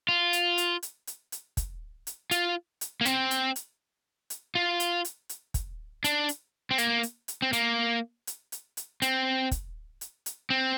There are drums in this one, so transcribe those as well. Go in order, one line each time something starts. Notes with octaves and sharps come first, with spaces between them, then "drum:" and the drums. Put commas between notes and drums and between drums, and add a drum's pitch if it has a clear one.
F4
drum: hi-hat
drum: hi-hat
drum: hi-hat
drum: hi-hat
drum: hi-hat
drum: kick, hi-hat
drum: hi-hat
F4, drum: hi-hat
drum: hi-hat
A#3
C4, drum: hi-hat
drum: hi-hat
drum: hi-hat
drum: hi-hat
F4
drum: hi-hat
drum: hi-hat
drum: hi-hat
drum: kick, hi-hat
D4, drum: hi-hat
drum: hi-hat
C4
A#3, drum: hi-hat
drum: hi-hat
drum: hi-hat
C4
A#3, drum: hi-hat
drum: hi-hat
drum: hi-hat
drum: hi-hat
C4, drum: hi-hat
drum: kick, hi-hat
drum: hi-hat
drum: hi-hat
C4